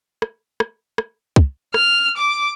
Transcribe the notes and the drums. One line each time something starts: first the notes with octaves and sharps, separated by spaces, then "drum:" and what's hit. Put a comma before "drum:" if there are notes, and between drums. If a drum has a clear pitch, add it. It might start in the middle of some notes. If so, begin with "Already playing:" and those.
drum: rim click
drum: rim click
drum: rim click
drum: kick
F6, drum: rim click
D6